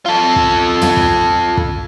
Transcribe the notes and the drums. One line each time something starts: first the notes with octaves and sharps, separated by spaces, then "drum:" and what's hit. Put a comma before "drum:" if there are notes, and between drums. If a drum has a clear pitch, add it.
F4 A4
drum: kick
drum: tom
drum: kick
drum: kick